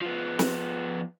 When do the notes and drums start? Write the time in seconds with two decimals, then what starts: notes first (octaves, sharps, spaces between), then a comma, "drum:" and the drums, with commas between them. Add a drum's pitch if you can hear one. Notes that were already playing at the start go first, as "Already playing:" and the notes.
0.02 F3 B3
0.39 drum: snare